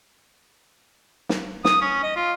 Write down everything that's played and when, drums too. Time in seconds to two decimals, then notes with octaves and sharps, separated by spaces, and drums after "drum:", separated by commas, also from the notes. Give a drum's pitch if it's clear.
1.29 drum: snare
1.65 D#6, drum: snare
1.81 C#4
2.03 D#5
2.16 F4